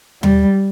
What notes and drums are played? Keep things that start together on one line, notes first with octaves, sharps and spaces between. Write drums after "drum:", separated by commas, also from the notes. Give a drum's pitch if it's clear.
G3, drum: tom D#2